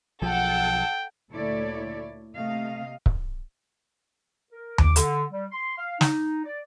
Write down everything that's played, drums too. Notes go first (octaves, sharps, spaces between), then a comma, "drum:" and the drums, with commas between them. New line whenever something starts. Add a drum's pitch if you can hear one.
B1 F3 A4 F#5 G5
D2 A#2 E4 A4 C#5 D5
C3 A3 A#3 D#5 F5
drum: kick C#1
A#4
D6, drum: tom D#2
D3, drum: hi-hat
G3
C6
F5
D#4, drum: snare
D5